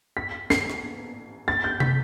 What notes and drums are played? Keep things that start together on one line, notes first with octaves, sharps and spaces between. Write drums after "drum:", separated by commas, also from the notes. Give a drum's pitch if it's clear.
B6
C7, drum: snare
drum: rim click
A6
G6
B6, drum: tom C3